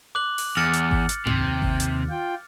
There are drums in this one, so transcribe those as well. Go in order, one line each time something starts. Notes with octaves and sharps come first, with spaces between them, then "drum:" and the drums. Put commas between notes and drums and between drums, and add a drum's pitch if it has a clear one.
D6 F#6 F#7
drum: open hi-hat
E2 F6 A6 C#7
drum: hi-hat
drum: kick G#1
drum: hi-hat
D#2 C3, drum: tom G2
drum: kick G#1
drum: hi-hat
F4 G5